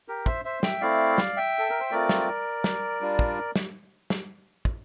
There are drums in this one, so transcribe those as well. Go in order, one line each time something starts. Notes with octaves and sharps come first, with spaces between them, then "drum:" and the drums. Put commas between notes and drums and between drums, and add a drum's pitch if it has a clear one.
G4 A#4
C5 E5, drum: kick
C5 E5
E5 G5, drum: snare
A3 C4 E4 D5 F5
drum: snare
E5 G5
A4
A#4
C5
A3 C4 F4 A#4 D5
drum: snare
drum: snare
G3 D4 F4
drum: kick
drum: snare
drum: snare
drum: kick